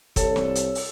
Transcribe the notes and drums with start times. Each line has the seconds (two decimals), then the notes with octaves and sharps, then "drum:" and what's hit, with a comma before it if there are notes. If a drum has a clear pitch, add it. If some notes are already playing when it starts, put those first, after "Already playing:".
0.16 C2 A4 C#5, drum: kick, hi-hat
0.36 drum: snare
0.55 drum: hi-hat
0.75 drum: open hi-hat